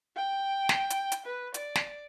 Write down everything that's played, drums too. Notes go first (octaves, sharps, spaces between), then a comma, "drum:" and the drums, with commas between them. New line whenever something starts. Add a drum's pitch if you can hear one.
G5
drum: snare
drum: hi-hat
drum: hi-hat
B4
D5, drum: hi-hat
drum: snare